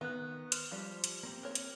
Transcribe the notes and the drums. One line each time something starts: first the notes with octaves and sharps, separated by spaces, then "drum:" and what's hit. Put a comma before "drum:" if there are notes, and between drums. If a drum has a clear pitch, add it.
D#3 B3 F#6
C5 F6, drum: hi-hat
F3 G3
drum: hi-hat
A#3 C4 G4
A#4 C#5
drum: hi-hat